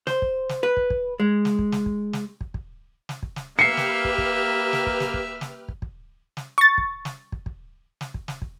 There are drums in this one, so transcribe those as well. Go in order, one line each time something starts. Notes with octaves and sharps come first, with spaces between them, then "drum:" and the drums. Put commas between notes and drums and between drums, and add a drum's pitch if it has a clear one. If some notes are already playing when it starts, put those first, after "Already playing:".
C5, drum: snare
drum: kick
drum: snare
B4
drum: kick
drum: kick
G#3
drum: snare
drum: kick
drum: snare
drum: kick
drum: snare
drum: kick
drum: kick
drum: snare
drum: kick
drum: snare
A#3 G4 B4 E5 F6 C7 C#7
drum: snare
drum: kick
drum: kick
drum: snare
drum: kick
drum: snare
drum: kick
drum: snare
drum: kick
drum: kick
drum: snare
C#6 A6
drum: kick
drum: snare
drum: kick
drum: kick
drum: snare
drum: kick
drum: snare
drum: kick